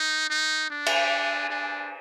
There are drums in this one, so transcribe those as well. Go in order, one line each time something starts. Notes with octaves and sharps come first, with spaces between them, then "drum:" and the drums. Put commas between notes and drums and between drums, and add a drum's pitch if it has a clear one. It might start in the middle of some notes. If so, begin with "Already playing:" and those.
Already playing: D#4
D#4
D4
drum: cymbal
D4